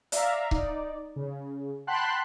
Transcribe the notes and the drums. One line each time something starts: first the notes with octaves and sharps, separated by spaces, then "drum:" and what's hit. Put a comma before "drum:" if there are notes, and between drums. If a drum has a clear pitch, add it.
D5 E5 F5 A#5, drum: hi-hat
D#4 D5, drum: kick C#1
C#3
F#5 G5 A5 B5 C6 F#6